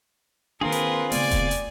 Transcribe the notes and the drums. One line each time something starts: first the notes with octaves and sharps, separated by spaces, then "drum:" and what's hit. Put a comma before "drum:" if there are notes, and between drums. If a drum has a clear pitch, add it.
D#3 A#3 C4 D4 F4 G#4 A#4 B4
drum: hi-hat
C#3 A3 B3 D5 G#5, drum: open hi-hat
drum: kick E1, hi-hat
drum: hi-hat